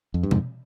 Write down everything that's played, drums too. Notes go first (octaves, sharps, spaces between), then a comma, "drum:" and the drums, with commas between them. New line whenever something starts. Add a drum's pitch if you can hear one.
F2
G2
F2 G#2, drum: tom B2